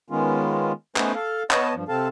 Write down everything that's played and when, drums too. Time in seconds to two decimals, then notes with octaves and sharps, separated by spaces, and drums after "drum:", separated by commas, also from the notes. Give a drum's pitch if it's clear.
0.10 D#3 G#3 B3 C#4 F4
0.96 A3 B3 C#4 D#4 B4 C5, drum: clap
1.15 A4 F5
1.51 B3 C#5 D#5 A5, drum: clap
1.75 G2 F3
1.88 C3 C4 A4 F5 A5